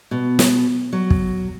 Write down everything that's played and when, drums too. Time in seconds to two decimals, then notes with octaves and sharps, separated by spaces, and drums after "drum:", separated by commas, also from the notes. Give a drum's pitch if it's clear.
0.11 B2
0.39 drum: snare
0.93 F#3
1.10 drum: kick